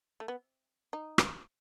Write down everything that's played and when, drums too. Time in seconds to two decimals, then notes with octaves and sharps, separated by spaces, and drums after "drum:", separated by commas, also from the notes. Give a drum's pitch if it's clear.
0.20 A3
0.28 B3
0.93 D#4
1.18 drum: rim click